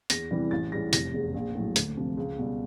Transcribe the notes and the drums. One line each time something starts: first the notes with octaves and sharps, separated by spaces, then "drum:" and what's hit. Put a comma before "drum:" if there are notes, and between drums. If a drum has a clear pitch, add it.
E2 A#6, drum: hi-hat
C3 E3 G3
A1 A6
G#2 E3 G3 A#6
F1 A#6, drum: hi-hat
E2 C#3
A#1
A2 F#3
D2, drum: hi-hat
C3 F3
C#2
B2 G3